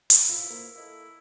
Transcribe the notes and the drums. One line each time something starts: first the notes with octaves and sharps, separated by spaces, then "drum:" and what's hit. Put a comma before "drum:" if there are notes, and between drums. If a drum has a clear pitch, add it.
B4 B5, drum: hi-hat
C4 E4 F4
A#3 A#4 C5 F5
E4 A4 D#5 F5